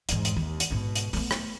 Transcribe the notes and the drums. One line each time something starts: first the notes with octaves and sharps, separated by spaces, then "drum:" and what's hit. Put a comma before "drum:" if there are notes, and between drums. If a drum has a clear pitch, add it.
E2 G#2, drum: hi-hat
drum: hi-hat
D#2
drum: hi-hat
G#2 B2
drum: hi-hat
A3 B3, drum: open hi-hat
drum: rim click